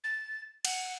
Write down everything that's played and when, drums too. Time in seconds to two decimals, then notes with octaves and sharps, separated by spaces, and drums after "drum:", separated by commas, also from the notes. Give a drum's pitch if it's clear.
0.04 A6
0.65 F#5, drum: cymbal